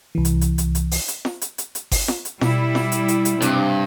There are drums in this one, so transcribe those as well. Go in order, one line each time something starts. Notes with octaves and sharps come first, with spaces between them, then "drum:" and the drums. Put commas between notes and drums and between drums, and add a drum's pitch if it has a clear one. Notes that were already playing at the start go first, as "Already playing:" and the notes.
C2 E3
drum: hi-hat
drum: hi-hat
drum: hi-hat
drum: hi-hat
drum: open hi-hat
drum: hi-hat
drum: snare
drum: hi-hat
drum: hi-hat
drum: hi-hat
drum: kick G1, open hi-hat
drum: snare
drum: hi-hat
B2 G3 E4, drum: snare
drum: snare
drum: hi-hat
drum: hi-hat
drum: hi-hat
G2 C3, drum: hi-hat